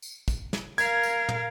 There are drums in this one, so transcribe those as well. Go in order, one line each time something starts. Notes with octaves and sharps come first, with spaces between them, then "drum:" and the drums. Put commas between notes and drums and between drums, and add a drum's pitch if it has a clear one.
drum: tambourine
drum: kick, tambourine
drum: snare
A#4 F5 G#6, drum: tambourine
drum: tambourine
drum: tom